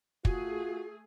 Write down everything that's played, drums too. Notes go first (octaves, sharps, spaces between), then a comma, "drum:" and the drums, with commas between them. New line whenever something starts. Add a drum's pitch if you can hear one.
A3 F4 F#4 G#4, drum: kick